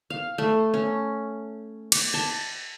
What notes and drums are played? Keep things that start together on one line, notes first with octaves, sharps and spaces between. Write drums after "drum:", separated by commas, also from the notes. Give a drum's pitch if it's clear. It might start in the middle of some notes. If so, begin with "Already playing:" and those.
F5
A3
C#4
D6, drum: cymbal
A5